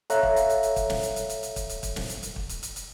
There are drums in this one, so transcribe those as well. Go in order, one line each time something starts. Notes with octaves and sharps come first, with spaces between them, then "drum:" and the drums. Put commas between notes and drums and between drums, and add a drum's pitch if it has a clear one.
A4 C#5 E5 F5 A#5 F#6, drum: hi-hat
drum: kick
drum: hi-hat
drum: hi-hat
drum: hi-hat
drum: kick, hi-hat
drum: snare
drum: hi-hat
drum: hi-hat
drum: hi-hat
drum: hi-hat
drum: kick, hi-hat
drum: hi-hat
drum: kick, hi-hat
drum: snare
drum: hi-hat
drum: hi-hat
drum: kick
drum: hi-hat
drum: hi-hat
drum: hi-hat